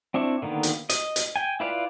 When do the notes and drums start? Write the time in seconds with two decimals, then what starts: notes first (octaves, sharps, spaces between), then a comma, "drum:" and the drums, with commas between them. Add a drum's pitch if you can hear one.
0.14 C4 D4 E4 C#6
0.42 D3 D#3 A#3 B3
0.63 drum: hi-hat
0.90 D#5, drum: hi-hat
1.16 drum: hi-hat
1.36 G5 G#5
1.60 E4 F4 B4 D5 F5